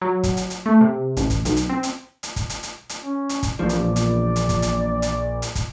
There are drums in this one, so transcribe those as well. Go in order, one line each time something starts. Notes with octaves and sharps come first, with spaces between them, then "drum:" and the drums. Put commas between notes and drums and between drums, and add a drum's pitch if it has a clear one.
F#3
drum: kick, hi-hat
drum: hi-hat
drum: hi-hat
A3
C3
A1, drum: hi-hat
drum: kick, hi-hat
B1, drum: hi-hat
drum: hi-hat
C4
drum: hi-hat
drum: hi-hat
drum: kick, hi-hat
drum: hi-hat
drum: hi-hat
drum: hi-hat
C#4
drum: hi-hat
drum: kick, hi-hat
A#1 E2 F3 D5
drum: hi-hat
drum: hi-hat
drum: hi-hat
drum: kick, hi-hat
drum: hi-hat
drum: hi-hat
drum: hi-hat
drum: kick, hi-hat